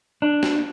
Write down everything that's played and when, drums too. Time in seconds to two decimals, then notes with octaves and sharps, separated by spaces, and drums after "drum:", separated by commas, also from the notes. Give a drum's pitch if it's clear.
0.22 D4
0.43 drum: snare